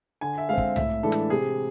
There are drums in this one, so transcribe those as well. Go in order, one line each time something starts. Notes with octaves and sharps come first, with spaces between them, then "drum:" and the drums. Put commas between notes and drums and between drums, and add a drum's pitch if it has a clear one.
D3 G#5
E5
G#3 C4 F5
drum: kick
A2 E5, drum: tom C2
E3 G#3 D4 A4
drum: snare
C3 G#4